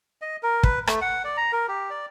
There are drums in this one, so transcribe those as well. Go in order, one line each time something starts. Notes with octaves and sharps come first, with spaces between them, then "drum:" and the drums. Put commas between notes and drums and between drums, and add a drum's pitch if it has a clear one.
D#5
A#4
B4, drum: kick
A3, drum: rim click
F#5
D5
A#5
A#4
G4
D5